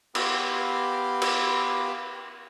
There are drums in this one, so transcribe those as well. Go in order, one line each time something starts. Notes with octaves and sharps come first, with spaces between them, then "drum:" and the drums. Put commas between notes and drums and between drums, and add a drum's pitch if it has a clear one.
B3 G4 F5 B5 C6 D6, drum: cymbal
drum: cymbal